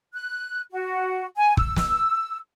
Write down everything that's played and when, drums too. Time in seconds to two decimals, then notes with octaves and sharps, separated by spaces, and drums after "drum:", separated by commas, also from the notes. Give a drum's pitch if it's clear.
0.14 F#6
0.71 F#4
1.37 G#5
1.57 E6, drum: kick
1.76 drum: snare